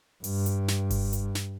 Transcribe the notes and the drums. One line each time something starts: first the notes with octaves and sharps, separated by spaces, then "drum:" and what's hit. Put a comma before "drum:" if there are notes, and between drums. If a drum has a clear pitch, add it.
G2, drum: open hi-hat
drum: hi-hat
drum: snare
drum: kick F#1, open hi-hat
drum: hi-hat
drum: snare